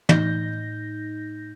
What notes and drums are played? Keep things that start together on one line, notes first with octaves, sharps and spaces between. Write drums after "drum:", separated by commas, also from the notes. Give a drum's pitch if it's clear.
A2 D#4 G6 A#6, drum: tom